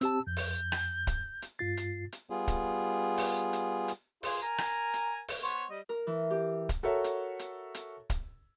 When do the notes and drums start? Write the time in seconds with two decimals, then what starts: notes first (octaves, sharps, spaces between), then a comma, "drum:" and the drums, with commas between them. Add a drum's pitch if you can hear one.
0.01 C4 G4 A5 E6, drum: hi-hat
0.27 F2 G6
0.37 drum: open hi-hat
0.72 drum: rim click
1.07 drum: kick, hi-hat
1.42 drum: hi-hat
1.59 G2 F4 A6 C7
1.77 drum: hi-hat
2.12 drum: hi-hat
2.30 G3 B3 F4 G#4
2.48 drum: kick, hi-hat
3.18 drum: open hi-hat
3.53 drum: hi-hat
3.88 drum: hi-hat
4.23 F4 G#4 C5, drum: open hi-hat
4.42 A#4 G#5 A#5
4.58 drum: rim click
4.93 drum: hi-hat
5.29 drum: open hi-hat
5.43 B3 C5 C#5
5.70 G3 D#5
5.89 A#4
6.07 E3
6.30 G4
6.69 drum: kick, hi-hat
6.83 F#4 A4 A#4 C#5 E5
7.04 drum: hi-hat
7.39 drum: hi-hat
7.75 drum: hi-hat
8.10 drum: kick, hi-hat